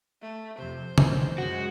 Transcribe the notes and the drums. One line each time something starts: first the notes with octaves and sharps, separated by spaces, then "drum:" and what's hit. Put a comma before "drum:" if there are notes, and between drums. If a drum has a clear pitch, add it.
A3
F2 C3 C5
B1 D#3 E3, drum: tom C3
F#2 G#3 F#4